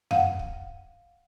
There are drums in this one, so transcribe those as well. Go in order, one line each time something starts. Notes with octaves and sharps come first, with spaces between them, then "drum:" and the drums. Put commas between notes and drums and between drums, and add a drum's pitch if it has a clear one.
F5 F#5, drum: tom F2
drum: kick